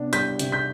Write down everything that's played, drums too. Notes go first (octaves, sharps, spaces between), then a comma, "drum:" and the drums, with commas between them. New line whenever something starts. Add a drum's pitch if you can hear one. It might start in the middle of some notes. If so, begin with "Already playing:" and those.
Already playing: C3 B3 D4
G3 G6 B6, drum: hi-hat
C3, drum: hi-hat
G6 B6